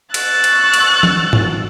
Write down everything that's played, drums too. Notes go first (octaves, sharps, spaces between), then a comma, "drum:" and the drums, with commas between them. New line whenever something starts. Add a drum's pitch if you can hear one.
C#6 E6 F#6 A6, drum: cymbal
drum: cymbal
drum: cymbal
drum: tom E3
drum: tom G#2